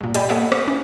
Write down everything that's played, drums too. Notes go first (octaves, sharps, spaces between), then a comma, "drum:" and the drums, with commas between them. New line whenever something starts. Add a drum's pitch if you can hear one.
G2 A#2
G4 D5 D#5 G5 G#5 B5, drum: hi-hat
A#3 A4 C#5 D#5 E5 F#5
F5 C#6 D#6, drum: rim click
C#4